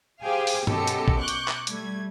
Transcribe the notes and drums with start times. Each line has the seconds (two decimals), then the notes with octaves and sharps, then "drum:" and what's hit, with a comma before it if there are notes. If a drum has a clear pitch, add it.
0.22 G4 G#4 C5 F5 G5 G#5
0.47 drum: open hi-hat
0.67 F#2 B2 G4 A4 D#5 C#7, drum: tom G2
0.87 drum: hi-hat
1.08 drum: kick A#1
1.19 C#6 D6 F#6 G6
1.28 drum: hi-hat
1.48 drum: clap
1.67 G3 A3 G#6, drum: hi-hat